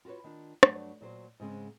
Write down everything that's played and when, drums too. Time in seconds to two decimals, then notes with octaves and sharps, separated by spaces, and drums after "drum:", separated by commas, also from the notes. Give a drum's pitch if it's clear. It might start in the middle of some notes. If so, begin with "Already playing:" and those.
0.05 F4 F#4 A#4 B4 C#5
0.24 D#3 D4 F4
0.63 G2 F#3 A3 D4 D5, drum: rim click
1.01 A#2 F#3 C5
1.40 G#2 C#3 G#3 C4